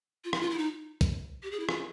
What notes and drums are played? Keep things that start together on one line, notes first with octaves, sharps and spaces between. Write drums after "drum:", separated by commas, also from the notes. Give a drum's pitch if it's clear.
F4
E4, drum: rim click
F4
E4
D#4
drum: kick, hi-hat
G4
G#4
E4
F4, drum: rim click